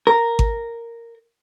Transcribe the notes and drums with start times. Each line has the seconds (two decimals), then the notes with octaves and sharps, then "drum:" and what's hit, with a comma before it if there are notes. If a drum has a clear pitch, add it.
0.07 A#4
0.39 drum: kick G#1